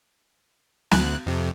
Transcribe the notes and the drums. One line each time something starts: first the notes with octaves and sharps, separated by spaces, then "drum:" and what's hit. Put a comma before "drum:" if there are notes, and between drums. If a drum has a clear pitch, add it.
D2 F#6, drum: snare
F2 C3